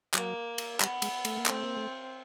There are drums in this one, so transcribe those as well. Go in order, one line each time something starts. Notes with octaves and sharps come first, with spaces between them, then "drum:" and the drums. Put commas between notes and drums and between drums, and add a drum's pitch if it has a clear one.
F#3 A#3, drum: clap
drum: cymbal
G3 B3, drum: clap
G#3, drum: cymbal
A3, drum: cymbal
A#3
A3 C4, drum: clap
A#3
A3